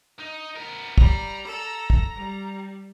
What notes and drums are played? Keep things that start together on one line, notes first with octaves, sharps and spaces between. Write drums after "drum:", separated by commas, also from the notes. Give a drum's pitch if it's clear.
D#4
B3 A#4
G3 A#5, drum: kick
A4
drum: kick
G3